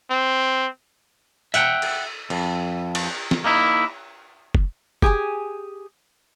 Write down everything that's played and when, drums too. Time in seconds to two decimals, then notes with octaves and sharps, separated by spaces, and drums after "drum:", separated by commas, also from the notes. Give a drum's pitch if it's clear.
0.11 C4
1.54 E5 F#5 G5, drum: hi-hat
1.82 drum: cymbal
2.30 F2, drum: cymbal
2.95 drum: cymbal
3.31 drum: snare
3.44 A#3 D#4 E4
4.55 drum: kick
5.02 G4 G#4 G5 G#5, drum: kick